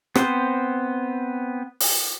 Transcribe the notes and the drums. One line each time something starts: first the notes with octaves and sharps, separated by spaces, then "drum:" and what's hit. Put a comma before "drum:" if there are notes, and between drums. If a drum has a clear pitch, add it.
B3 C4 C5, drum: rim click
drum: open hi-hat